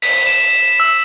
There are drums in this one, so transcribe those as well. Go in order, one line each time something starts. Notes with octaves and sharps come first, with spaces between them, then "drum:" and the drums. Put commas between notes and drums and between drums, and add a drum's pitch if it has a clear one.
B6, drum: open hi-hat
E7
E6